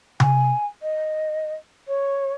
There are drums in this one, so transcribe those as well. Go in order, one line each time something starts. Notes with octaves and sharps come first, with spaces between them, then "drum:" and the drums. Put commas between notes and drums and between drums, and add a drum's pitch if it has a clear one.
G#5, drum: tom C3
D#5
C#5